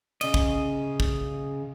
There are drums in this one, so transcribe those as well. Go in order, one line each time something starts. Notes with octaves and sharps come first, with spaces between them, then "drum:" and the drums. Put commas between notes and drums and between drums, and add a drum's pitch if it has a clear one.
C#3 D#5, drum: cymbal
drum: kick
drum: kick